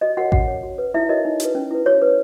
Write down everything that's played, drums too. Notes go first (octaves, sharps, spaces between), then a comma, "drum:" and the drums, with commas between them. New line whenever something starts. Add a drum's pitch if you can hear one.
F#4 D#5
F#4 A#4 C#5 F#5
C#4 F#4 F#5, drum: kick A1
F#4 C#5
F#4
B4
D#4 E4 E5
F#4 A#4 C#5 D#5
D#4
F#4, drum: hi-hat
B4
C#4
E4 B4
F#4 C#5
B4